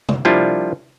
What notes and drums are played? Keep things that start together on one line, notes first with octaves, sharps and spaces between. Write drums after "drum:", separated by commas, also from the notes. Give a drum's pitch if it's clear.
drum: tom C3
F3 G3 A#3 D4 E4 F4